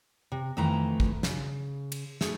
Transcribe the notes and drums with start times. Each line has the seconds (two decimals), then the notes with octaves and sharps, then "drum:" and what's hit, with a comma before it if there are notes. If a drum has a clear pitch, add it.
0.32 C3
0.57 F2 D#3 E3 A3 A#5
1.00 drum: kick
1.23 C#3, drum: snare
1.92 drum: cymbal
2.21 A3 G#4, drum: snare